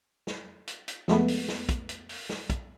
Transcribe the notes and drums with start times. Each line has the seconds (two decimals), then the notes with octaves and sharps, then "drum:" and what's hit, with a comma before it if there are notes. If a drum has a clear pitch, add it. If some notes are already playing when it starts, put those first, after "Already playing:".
0.27 drum: snare
0.68 drum: hi-hat
0.88 drum: hi-hat
1.08 F2 G#3 A3 B3, drum: snare
1.28 drum: open hi-hat
1.48 drum: snare
1.69 drum: kick, hi-hat
1.89 drum: hi-hat
2.09 drum: open hi-hat
2.29 drum: snare
2.50 drum: kick, hi-hat